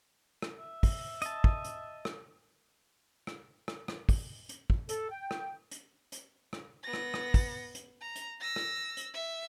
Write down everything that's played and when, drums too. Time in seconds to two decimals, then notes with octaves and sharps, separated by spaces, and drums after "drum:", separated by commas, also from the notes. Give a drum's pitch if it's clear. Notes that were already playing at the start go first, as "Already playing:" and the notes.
0.42 drum: rim click
0.59 E5
0.83 drum: kick, open hi-hat
1.22 D#5 A5, drum: hi-hat
1.44 drum: kick
1.65 drum: hi-hat
2.05 drum: rim click
3.27 drum: rim click
3.68 drum: rim click
3.88 drum: rim click
4.09 drum: kick, open hi-hat
4.49 drum: hi-hat
4.70 drum: kick
4.89 A4, drum: hi-hat
5.10 G5
5.31 drum: rim click
5.71 drum: hi-hat
6.12 drum: hi-hat
6.53 drum: rim click
6.83 B3 A#6
6.93 drum: rim click
7.14 drum: rim click
7.34 drum: kick, open hi-hat
7.75 drum: hi-hat
8.01 A#5
8.16 drum: hi-hat
8.40 E6 A#6
8.56 drum: rim click
8.97 drum: hi-hat
9.14 E5